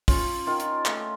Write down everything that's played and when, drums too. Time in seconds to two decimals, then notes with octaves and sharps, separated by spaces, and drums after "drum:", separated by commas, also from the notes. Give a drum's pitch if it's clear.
0.08 C#4 F4, drum: kick, open hi-hat
0.47 D#3 F4
0.60 drum: hi-hat
0.86 A3, drum: clap